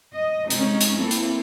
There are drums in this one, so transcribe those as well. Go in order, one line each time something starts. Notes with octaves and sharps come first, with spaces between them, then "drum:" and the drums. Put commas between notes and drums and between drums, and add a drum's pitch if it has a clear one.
D#5
C3 G#3 C#4 D#4, drum: hi-hat
drum: hi-hat
A#3 C4 E4 A4
drum: hi-hat